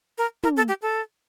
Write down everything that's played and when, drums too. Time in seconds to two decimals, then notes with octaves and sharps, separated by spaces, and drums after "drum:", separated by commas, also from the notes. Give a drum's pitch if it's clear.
0.18 A#4
0.43 A#4, drum: tom
0.57 A4
0.68 G4
0.82 A4